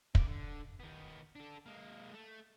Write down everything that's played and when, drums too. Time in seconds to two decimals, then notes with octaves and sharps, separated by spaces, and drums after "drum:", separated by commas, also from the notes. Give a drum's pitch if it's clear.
0.15 C#3 D5, drum: kick
0.27 D3
0.80 D#3 B3
1.36 D4 A4
1.66 G#3 A#3
2.14 A3